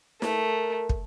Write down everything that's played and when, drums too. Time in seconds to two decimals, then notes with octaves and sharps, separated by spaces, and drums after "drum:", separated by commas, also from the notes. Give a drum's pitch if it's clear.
0.22 A3 A#4, drum: snare
0.89 drum: kick